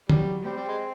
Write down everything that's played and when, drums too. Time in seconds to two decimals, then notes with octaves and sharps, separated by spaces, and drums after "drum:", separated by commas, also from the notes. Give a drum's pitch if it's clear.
0.09 F#3 G3, drum: tom
0.44 G3 C4
0.56 G3
0.68 G#3